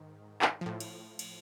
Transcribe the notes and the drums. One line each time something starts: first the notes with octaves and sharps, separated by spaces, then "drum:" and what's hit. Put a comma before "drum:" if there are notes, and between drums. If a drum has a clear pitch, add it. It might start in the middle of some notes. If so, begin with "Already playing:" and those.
Already playing: G#2 D#3
drum: clap
A2 F3
drum: cymbal
drum: cymbal